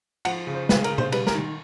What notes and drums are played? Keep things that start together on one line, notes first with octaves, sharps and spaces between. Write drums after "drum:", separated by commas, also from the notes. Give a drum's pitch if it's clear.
F3 F#5, drum: cymbal
C#3
C5
C#3 B4, drum: snare
A#4, drum: cymbal
C#3
C5, drum: tom B2
G3 B4, drum: cymbal
A#4, drum: snare
D#3